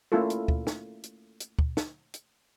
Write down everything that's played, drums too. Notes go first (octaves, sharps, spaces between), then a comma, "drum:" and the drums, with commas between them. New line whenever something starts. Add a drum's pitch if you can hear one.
A3 A#3 C#4 E4 F4 A4
drum: hi-hat
drum: kick
drum: snare
drum: hi-hat
drum: hi-hat
drum: kick
drum: snare
drum: hi-hat